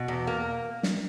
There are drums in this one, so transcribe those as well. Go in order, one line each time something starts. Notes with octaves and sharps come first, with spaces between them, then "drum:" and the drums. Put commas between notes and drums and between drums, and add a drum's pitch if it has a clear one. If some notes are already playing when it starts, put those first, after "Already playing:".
Already playing: B2
E2
A#3
drum: snare